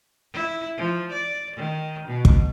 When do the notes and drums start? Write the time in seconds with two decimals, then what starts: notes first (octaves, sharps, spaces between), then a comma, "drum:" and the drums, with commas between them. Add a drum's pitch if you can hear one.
0.33 E4
0.77 F3
1.12 D5
1.56 D#3
2.08 B2
2.25 drum: kick